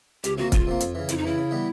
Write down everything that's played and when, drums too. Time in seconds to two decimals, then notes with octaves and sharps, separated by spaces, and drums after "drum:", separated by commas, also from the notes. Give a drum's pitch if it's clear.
0.24 C#2 G4, drum: hi-hat
0.38 C3 F3 A#3 F#4
0.52 C#2 F4, drum: kick, hi-hat
0.67 C3 F3 A#3
0.80 F2, drum: hi-hat
0.95 C#3 E3
1.09 F2 E4, drum: hi-hat
1.18 D#4
1.24 C#3 E3 E4
1.38 C#3
1.51 E3 G3 B3